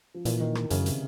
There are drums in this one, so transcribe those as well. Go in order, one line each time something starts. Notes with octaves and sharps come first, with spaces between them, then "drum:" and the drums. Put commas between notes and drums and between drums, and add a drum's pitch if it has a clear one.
F3
A#2 E3, drum: hi-hat
D#3
D#3, drum: rim click
F#2 C#3, drum: hi-hat
C3, drum: hi-hat